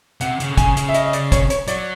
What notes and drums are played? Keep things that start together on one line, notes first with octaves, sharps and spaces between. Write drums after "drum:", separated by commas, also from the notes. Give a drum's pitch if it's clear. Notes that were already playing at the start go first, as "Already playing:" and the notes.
C3 F#5, drum: hi-hat
C#3, drum: hi-hat
D3
C#3 G#5, drum: kick, hi-hat
C#3, drum: hi-hat
E5
D#5, drum: hi-hat
D#5
D5, drum: hi-hat
C#5, drum: kick, hi-hat
C#5, drum: hi-hat
F#3 D5, drum: hi-hat